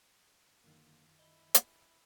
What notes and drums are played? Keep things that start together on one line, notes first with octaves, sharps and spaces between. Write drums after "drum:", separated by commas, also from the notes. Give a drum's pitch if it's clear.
F#2 D3 D#3 A#3 F4
E4 D#5
drum: hi-hat